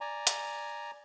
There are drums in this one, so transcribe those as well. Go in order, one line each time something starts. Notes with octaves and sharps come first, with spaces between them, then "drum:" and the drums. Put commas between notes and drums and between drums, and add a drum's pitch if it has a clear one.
D5 G#5 A#5
drum: hi-hat